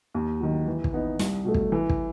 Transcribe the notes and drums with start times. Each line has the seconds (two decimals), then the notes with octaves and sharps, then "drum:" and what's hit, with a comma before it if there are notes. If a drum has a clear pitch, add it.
0.14 D#2
0.40 D#3 F#3
0.67 E3
0.84 drum: kick
0.93 B3 D#4
1.19 C2, drum: snare
1.45 B2 A3
1.54 drum: kick
1.72 E3
1.89 drum: kick